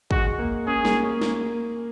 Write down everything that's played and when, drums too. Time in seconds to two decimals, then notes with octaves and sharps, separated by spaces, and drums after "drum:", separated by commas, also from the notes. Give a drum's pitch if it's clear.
0.11 G#3 F#4, drum: kick
0.39 A#3
0.67 C#4 G#4
0.85 A#3, drum: snare
1.03 C#4
1.22 A#3, drum: snare